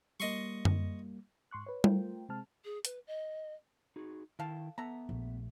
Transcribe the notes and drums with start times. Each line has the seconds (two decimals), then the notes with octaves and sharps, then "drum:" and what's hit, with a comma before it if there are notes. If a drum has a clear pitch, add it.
0.20 G3 A#3 D#5 C6 C#6
0.65 drum: tom F#2
1.51 G#2 C6 C#6 F#6
1.66 B4 C#5
1.84 A3 F4 A#4 C5 G5, drum: tom G3
2.29 C3 G#3 C4 A5 F6
2.64 G#4
2.85 B4, drum: hi-hat
3.07 D#5
3.96 D#4 F#4 G#4
4.39 D#3 E4 A4 F5 G5 A5
4.78 B3 A4 E5 F#5 A#5
5.09 A#1 A3